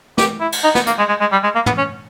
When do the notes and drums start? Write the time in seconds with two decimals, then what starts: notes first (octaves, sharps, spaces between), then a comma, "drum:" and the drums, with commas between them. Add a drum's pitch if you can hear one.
0.18 G4, drum: snare
0.40 E4
0.52 drum: cymbal
0.64 D#4
0.75 B3, drum: snare
0.87 A#3, drum: hi-hat
0.98 G#3
1.09 G#3
1.20 G#3
1.32 G3
1.43 G#3
1.55 A#3
1.66 B3, drum: tom
1.78 C#4